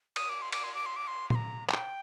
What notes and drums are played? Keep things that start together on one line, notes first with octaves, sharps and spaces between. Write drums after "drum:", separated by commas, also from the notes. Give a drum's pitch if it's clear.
D#6, drum: cymbal
D6
C6
D6, drum: cymbal
C6
D6
C6
D6
C6
C6, drum: tom A#2
A#5
G5, drum: clap